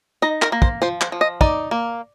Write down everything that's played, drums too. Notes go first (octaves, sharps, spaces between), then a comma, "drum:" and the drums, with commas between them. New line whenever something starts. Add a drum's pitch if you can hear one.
D#4 D#5
A#4, drum: clap
A#3
C5, drum: kick
F3 C5
C5, drum: clap
F3
D#5
D#4 D5, drum: kick
A#3